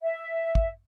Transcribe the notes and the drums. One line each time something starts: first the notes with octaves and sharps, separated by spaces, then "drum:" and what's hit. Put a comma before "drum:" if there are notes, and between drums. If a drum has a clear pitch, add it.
E5
drum: kick